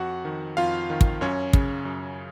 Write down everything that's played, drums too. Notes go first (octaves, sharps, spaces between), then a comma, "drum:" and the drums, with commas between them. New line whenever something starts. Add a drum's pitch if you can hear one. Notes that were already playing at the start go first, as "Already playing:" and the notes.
Already playing: F2 F#4 F#5
D#3
F2 F4 F5
D#3
drum: kick
F#2 C#4 C#5
C#3, drum: kick
F#2